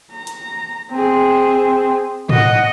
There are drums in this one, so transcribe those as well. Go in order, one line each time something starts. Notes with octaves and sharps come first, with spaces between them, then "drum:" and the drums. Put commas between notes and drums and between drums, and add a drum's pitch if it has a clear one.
A#5
drum: hi-hat
C4 G#4
D#5 F#5, drum: tom